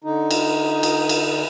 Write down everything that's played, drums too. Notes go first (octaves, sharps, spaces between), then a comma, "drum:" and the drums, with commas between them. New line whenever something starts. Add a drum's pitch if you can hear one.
D3 D#4
drum: cymbal
drum: cymbal
drum: cymbal